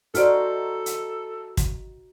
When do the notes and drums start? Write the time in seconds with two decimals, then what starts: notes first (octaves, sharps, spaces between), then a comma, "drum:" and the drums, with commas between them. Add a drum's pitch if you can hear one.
0.15 D#4 F#4 A4 C5 D5 F6, drum: hi-hat
0.86 drum: hi-hat
1.57 drum: kick, hi-hat